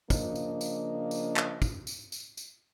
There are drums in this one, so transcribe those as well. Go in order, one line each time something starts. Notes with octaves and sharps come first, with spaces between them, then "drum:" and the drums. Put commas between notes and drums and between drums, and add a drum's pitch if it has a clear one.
C#3 F3 A#3 D4 D#5, drum: kick, tambourine
drum: tambourine
drum: tambourine
drum: tambourine
drum: clap
drum: kick, tambourine
drum: tambourine
drum: tambourine
drum: tambourine